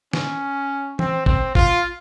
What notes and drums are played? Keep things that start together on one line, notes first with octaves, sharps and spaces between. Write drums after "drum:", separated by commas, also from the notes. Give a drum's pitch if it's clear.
C#4, drum: snare
C4, drum: tom E3
C4, drum: kick
F4, drum: kick